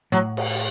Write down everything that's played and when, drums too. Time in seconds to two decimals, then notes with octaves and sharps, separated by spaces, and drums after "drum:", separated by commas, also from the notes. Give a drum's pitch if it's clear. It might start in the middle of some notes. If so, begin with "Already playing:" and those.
0.12 A2 F#3
0.37 drum: cymbal